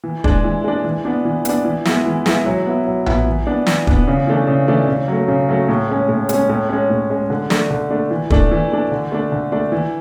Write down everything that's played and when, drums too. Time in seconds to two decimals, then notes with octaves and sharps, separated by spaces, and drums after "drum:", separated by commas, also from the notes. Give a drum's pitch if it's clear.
0.04 E3
0.24 G#3 D4, drum: kick
0.44 E3
0.64 G#3 D4
0.85 E3
1.05 B3 D4
1.25 E3
1.45 B3 D4, drum: hi-hat
1.65 E3
1.85 G#3 B3 E4, drum: snare
2.05 E3
2.26 G#3 B3 E4, drum: snare
2.46 F#3
2.66 B3 E4
2.87 F#3
3.06 B3 E4, drum: tom A#1
3.27 E3
3.47 B3 D4
3.67 E3, drum: snare
3.87 B3 D4, drum: kick
4.08 C#3
4.27 E3 A3 D4
4.47 C#3
4.68 E3 A3 D4
4.88 C#3
5.08 F#3 A3
5.28 C#3
5.49 F#3 A3
5.69 A2
5.89 G#3 C#4
6.09 A2
6.29 G#3, drum: hi-hat
6.34 C#4
6.49 A2
6.69 G#3 C#4
6.90 A2
7.10 G#3 C#4
7.30 D3
7.50 A3 D4, drum: snare
7.70 D3
7.90 A3 D4
8.11 E3
8.30 A3 D4, drum: kick
8.51 E3
8.71 A3 D4
8.92 D3
9.12 A3 D4
9.32 D3
9.52 A3 D4
9.72 E3